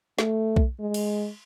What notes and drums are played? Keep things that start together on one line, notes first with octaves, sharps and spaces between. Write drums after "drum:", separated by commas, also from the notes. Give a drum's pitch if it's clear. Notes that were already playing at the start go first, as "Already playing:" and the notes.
A3, drum: snare
drum: kick B1
G#3
drum: cymbal